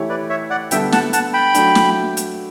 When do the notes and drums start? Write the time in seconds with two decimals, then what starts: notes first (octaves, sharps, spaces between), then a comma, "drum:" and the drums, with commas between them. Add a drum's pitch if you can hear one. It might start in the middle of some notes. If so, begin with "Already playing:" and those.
Already playing: E3 A3 E4 G4 C#5
0.09 B4 D5
0.29 C#5 E5
0.50 D5 F#5
0.71 D3 G3 B3 D4 A4 E5 G5, drum: hi-hat
0.92 F#5 A5, drum: snare
1.13 F#5 A5, drum: hi-hat
1.34 G5 B5
1.54 F#3 A3 D4, drum: hi-hat
1.75 drum: snare
2.17 drum: hi-hat